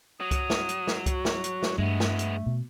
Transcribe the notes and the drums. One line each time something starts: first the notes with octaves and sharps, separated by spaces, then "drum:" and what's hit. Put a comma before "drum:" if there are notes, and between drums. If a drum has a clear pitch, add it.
F#3 D#6
drum: kick C2, hi-hat
drum: snare
drum: hi-hat
drum: snare
F#4, drum: kick C2, hi-hat
drum: snare
drum: hi-hat
drum: snare
G2 G#3 A3 B3
drum: snare
drum: hi-hat
B2